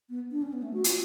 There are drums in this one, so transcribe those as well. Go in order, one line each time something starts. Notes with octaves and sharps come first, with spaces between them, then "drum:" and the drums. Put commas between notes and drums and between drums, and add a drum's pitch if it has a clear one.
B3
D4
C#4
B3
A3
F#4
F4, drum: hi-hat